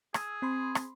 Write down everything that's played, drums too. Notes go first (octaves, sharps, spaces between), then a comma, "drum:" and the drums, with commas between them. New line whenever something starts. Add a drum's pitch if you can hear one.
G#4 E6, drum: rim click
C4 B5 C6
drum: rim click